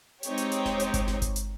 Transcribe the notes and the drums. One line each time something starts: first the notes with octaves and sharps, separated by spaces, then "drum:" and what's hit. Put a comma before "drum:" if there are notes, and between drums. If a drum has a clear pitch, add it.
G#3 C4 D#4 G4 C#5, drum: hi-hat
drum: hi-hat
drum: hi-hat
drum: snare E1
drum: hi-hat
drum: kick G1, hi-hat
drum: snare E1
drum: kick G1, hi-hat
drum: hi-hat